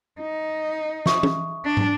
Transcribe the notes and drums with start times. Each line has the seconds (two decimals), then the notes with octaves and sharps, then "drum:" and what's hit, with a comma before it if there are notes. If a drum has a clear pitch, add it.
0.21 D#4
1.06 E5 C#6 D#6, drum: snare
1.23 drum: tom
1.65 D4
1.77 drum: tom